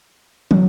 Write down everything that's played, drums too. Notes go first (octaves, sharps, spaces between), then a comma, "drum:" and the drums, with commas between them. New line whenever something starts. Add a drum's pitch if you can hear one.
F#3, drum: tom